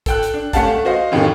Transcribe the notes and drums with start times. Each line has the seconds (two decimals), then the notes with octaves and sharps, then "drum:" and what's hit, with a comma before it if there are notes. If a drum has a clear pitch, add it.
0.06 A4 G5 F#6, drum: kick, hi-hat
0.23 drum: hi-hat
0.34 D4
0.53 A3 C#4 G4 F5 F#5 A5, drum: kick, hi-hat
0.67 A3
0.85 F#4 C5 D#5 F5
1.12 F2 A2 D3 D#3 G3 C#4